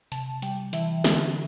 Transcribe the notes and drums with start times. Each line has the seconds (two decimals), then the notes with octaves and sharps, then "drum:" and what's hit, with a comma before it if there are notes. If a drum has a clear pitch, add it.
0.12 C3 A5, drum: hi-hat
0.42 G3 G5, drum: hi-hat
0.73 E3 E5, drum: hi-hat
1.04 D3 E5, drum: snare